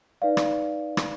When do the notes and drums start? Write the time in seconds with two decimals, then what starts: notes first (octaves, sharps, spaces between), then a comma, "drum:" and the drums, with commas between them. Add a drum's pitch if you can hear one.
0.22 D#4 B4 D5 F5
0.37 drum: rim click
0.97 drum: rim click